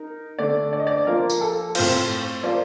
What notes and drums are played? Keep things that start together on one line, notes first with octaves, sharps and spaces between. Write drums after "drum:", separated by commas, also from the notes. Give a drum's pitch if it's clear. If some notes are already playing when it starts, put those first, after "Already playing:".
Already playing: D#4 A#4
D3 A3 D4 D5
D5
D#5
D5
F3 A#3 F4 A#4
drum: tambourine
A4
A2 A3 C4 F4 C5, drum: cymbal
F3 A#3 F4 D5